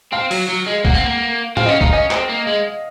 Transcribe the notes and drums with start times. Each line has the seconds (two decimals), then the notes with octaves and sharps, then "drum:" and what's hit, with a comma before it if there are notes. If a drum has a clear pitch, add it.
0.13 C4 F5
0.31 F#3, drum: open hi-hat
0.49 F#3
0.67 G#3
0.85 A#3 F#5, drum: kick
0.94 C4
1.05 A#3
1.57 C4 F5, drum: tom G#2
1.66 C#4 D#5
1.81 D#4 F5, drum: kick
1.93 C#4 D#5
2.11 C4, drum: clap
2.30 A#3
2.47 G#3